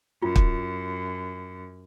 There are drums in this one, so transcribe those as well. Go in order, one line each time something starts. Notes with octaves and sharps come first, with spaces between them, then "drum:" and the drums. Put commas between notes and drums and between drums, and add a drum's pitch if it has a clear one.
F#2 F4
drum: kick